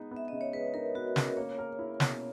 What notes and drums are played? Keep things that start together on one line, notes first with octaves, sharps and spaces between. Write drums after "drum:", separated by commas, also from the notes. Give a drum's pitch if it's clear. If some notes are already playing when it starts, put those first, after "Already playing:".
Already playing: G#3 B3 D#4
B3
E5
C#3 D#5
C#5
G#3 B4
D#4 A#4
B3 F#4
C#3 A#4, drum: snare
A#3 C#5
A#4
E4
B2, drum: snare